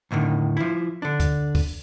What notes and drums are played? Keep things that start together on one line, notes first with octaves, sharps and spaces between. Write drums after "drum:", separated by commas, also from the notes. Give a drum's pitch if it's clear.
E2 A2 D3 D#3
F3 E4
D3 D4
drum: kick, hi-hat
drum: kick, open hi-hat